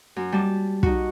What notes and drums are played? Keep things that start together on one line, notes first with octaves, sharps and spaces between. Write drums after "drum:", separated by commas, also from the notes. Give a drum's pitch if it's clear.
F#2
G3 A5
D#4 F#4, drum: kick